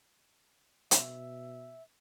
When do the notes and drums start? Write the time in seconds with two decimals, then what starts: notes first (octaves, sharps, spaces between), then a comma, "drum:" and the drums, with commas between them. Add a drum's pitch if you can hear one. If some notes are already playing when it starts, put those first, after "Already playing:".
0.91 B2 E5, drum: hi-hat